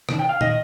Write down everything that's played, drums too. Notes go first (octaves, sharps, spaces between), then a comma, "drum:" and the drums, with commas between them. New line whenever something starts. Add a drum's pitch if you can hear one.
C3 D#3 D4, drum: rim click
G5
F5
D#3 D#5, drum: tom